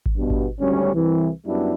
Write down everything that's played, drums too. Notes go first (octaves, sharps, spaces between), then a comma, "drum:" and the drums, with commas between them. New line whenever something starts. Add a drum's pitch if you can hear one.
drum: kick G#1
G2 B2
drum: kick G#1
G#1 D2 G3 C#4
C2 E3
F#2 G3 B3 D4 E4